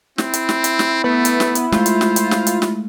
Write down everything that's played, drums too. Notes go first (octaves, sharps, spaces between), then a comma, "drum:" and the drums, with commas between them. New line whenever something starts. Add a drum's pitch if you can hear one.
C4 E4, drum: snare
drum: hi-hat
drum: snare
drum: hi-hat
drum: snare
A3 B3
drum: hi-hat
drum: snare
drum: hi-hat
G#3 A3 F4 C5, drum: snare
drum: hi-hat
drum: snare
drum: hi-hat
drum: snare
drum: hi-hat
drum: snare